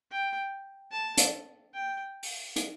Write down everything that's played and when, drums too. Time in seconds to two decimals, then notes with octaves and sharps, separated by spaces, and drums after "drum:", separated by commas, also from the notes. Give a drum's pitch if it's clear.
0.11 G5
0.92 A5
1.17 drum: hi-hat
1.75 G5
2.23 drum: open hi-hat
2.56 drum: hi-hat